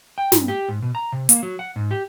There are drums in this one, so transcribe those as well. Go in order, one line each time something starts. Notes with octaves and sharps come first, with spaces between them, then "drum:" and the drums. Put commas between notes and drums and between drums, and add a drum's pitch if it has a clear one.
G5
G2, drum: snare
G4
G#2
B2
A#5
C3
A#3, drum: hi-hat
F#3
F#5
G#2
G4